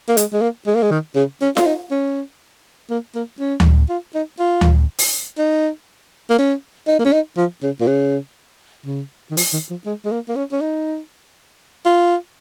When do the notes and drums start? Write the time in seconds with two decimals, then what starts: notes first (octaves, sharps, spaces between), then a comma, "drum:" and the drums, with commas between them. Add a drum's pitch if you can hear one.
0.09 A#3
0.17 G#3, drum: hi-hat
0.33 G#3
0.41 A#3
0.67 G#3
0.75 A#3
0.83 G#3
0.91 D#3
1.16 C#3
1.42 C#4
1.57 F4, drum: snare F4
1.66 D#4
1.92 C#4
2.91 A#3
3.15 A#3
3.40 C#4
3.60 drum: tom D2
3.90 F4
4.15 D#4
4.40 F4
4.61 drum: tom D2
4.98 drum: open hi-hat
5.39 D#4
6.30 A#3
6.39 C#4
6.88 D#4
6.99 A#3
7.05 C#4
7.13 D#4
7.37 F3
7.63 C#3
7.81 A#2
7.87 C#3
8.86 C#3
9.31 D#3
9.37 F3, drum: open hi-hat
9.53 D#3
9.71 F3
9.86 G#3
10.05 G#3
10.12 A#3
10.29 A#3
10.36 C#4
10.52 C#4
10.61 D#4
11.86 F4